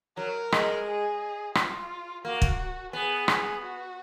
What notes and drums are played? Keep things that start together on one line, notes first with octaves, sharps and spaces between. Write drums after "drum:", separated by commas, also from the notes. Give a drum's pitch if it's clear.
F#3 A#4
G#3, drum: rim click
G#4
F4, drum: rim click
A#3 F#4
drum: kick
B3 G#4
drum: rim click
F#4